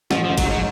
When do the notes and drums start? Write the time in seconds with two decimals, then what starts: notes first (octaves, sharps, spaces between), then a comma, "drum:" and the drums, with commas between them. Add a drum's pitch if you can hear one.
0.11 A1 F3, drum: snare
0.24 F3
0.29 A1
0.38 F#3, drum: kick G1, cymbal
0.46 G#2
0.51 F#3